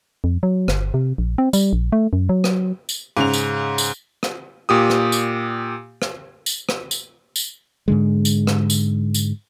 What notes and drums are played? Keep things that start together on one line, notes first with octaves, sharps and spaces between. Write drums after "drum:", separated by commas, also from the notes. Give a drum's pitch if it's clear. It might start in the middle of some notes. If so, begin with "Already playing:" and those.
F2
F#3
G1, drum: rim click
C3
A#1
C4
G3, drum: tambourine
A#1
A3
F#2
F#3
drum: rim click
drum: tambourine
G#2 C#3 F7
drum: tambourine
drum: tambourine
drum: rim click
A#2 G4 D#6
drum: rim click
drum: tambourine
drum: rim click
drum: tambourine
drum: rim click
drum: tambourine
drum: tambourine
G#2 D3 G#3
drum: tambourine
drum: rim click
drum: tambourine
drum: tambourine